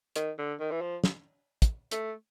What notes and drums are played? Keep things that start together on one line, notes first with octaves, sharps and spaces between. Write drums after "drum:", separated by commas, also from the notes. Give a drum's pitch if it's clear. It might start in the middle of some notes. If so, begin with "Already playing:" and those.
D#3, drum: hi-hat
D3
D#3
E3
F3
drum: snare
drum: kick, hi-hat
A3, drum: hi-hat